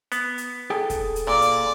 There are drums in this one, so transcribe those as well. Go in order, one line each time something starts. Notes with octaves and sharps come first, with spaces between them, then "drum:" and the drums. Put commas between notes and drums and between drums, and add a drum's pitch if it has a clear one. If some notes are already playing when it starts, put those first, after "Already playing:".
B3, drum: hi-hat
drum: hi-hat
G#4 A4 G5
drum: kick, hi-hat
drum: hi-hat
A#2 D5
drum: hi-hat